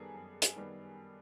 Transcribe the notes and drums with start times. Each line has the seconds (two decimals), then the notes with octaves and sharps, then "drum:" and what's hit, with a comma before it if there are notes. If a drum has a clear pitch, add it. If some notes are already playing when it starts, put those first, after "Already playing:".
Already playing: F#2 D#3 G3 B3 G#4 A4
0.14 F#2
0.42 drum: hi-hat
0.56 D#3 G3 B3